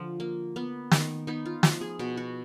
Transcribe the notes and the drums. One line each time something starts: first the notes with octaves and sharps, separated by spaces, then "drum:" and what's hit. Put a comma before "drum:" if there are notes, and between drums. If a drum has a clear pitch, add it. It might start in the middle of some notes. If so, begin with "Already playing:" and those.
Already playing: D3 F3
A#3
B3
D#3, drum: snare
B3 D#4
F4
F3 F#4, drum: snare
G#4
B2 F#4
F#4